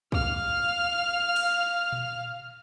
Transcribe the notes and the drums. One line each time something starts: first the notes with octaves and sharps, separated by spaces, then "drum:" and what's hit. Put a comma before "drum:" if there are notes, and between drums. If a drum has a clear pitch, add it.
F5 F6, drum: kick
drum: cymbal
drum: tom A#2